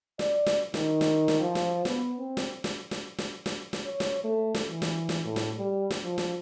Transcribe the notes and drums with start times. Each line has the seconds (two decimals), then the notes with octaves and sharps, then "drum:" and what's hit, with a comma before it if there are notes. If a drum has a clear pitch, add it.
0.19 D5, drum: snare
0.46 drum: snare
0.74 D#3, drum: snare
1.01 drum: snare
1.28 drum: snare
1.40 F3
1.55 drum: snare
1.85 B3, drum: snare
2.18 C4
2.37 drum: snare
2.64 drum: snare
2.91 drum: snare
3.18 drum: snare
3.46 drum: snare
3.73 drum: snare
3.86 C#5
4.00 drum: snare
4.24 A3
4.54 drum: snare
4.69 E3
4.82 drum: snare
5.09 drum: snare
5.25 A2
5.36 drum: snare
5.57 G3
5.91 drum: snare
6.04 F3
6.18 drum: snare